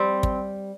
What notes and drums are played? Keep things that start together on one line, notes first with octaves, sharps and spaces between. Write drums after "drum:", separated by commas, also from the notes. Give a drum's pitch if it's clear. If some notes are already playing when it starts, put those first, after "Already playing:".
Already playing: G3 C4
drum: kick